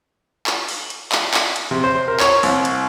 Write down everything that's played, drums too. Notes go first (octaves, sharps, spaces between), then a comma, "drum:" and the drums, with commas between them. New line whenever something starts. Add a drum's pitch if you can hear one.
drum: clap
drum: open hi-hat
drum: hi-hat
drum: clap
drum: clap
drum: hi-hat
C3
C5
A#4
C#5, drum: clap
C2, drum: open hi-hat
drum: hi-hat